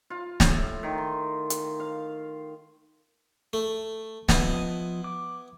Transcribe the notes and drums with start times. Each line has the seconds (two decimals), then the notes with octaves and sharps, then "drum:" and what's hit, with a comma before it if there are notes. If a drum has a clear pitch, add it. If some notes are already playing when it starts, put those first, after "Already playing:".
0.10 F4
0.40 A2, drum: snare
0.83 D#3
0.98 C6
1.50 drum: hi-hat
1.80 F5
3.53 A3
4.29 F3 B3 E4 D#5, drum: snare
5.04 D6